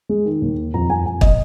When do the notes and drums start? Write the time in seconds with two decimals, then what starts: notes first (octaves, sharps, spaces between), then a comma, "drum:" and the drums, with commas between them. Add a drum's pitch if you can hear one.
0.09 G#3
0.26 D#3
0.42 D#2
0.57 D#3
0.74 F2 A#5
0.90 F2 G#5
1.05 F2 G#5
1.21 A#2 D#5, drum: kick